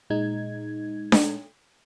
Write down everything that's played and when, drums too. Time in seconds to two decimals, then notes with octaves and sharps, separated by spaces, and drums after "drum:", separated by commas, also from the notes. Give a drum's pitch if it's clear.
0.10 A#2 G#3 D#4 G#6
1.12 drum: snare D4